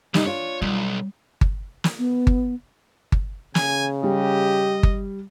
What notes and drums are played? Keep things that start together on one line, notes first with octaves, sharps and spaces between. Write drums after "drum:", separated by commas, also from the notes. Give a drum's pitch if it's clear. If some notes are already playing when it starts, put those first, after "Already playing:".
C2 G3 D#4, drum: snare
D4 F4 C#5
B1 G3
drum: kick G1
drum: snare
B3
drum: kick G1
drum: kick G1
C#3 G#5, drum: snare
G3 G4 D#5
drum: kick G1